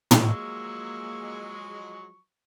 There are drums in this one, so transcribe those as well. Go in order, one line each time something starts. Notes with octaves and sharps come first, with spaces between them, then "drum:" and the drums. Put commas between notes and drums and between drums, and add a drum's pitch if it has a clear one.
drum: tom
F3 F#3 G#3 A#3 C#6 E6